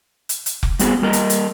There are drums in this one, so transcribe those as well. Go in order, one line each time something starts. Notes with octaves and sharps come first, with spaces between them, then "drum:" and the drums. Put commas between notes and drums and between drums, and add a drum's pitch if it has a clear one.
drum: hi-hat
drum: hi-hat
drum: kick F1
G3 B3 C4 F#4 G#4, drum: hi-hat
G3 A#3 A#4 D#5
drum: hi-hat
drum: hi-hat